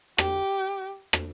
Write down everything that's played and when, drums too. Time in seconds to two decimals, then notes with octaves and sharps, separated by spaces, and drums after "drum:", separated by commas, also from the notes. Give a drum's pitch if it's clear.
0.18 G4, drum: rim click
1.13 drum: rim click